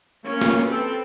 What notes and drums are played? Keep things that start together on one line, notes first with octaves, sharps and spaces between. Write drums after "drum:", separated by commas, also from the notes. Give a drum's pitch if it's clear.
A#3 C#4
drum: snare
C4 A4 B4